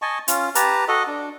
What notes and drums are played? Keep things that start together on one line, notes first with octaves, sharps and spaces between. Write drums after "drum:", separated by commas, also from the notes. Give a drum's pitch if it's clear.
D#5 G#5 A5 C#6
C#4 F4, drum: hi-hat
G4 B4 A5 A#5, drum: hi-hat
F#4 A4 D#5
D4